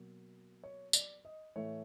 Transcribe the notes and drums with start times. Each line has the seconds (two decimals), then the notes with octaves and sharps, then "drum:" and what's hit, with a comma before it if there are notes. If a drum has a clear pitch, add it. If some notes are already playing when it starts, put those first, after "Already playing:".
Already playing: B2 F#3 A#3
0.64 C#5
0.93 D5, drum: tambourine
1.25 D#5
1.56 A2 E3 A3 C#5